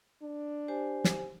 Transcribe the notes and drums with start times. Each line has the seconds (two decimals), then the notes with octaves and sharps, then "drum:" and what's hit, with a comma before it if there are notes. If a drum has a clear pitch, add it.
0.23 D4
0.68 G4 C5 G#5
1.04 drum: snare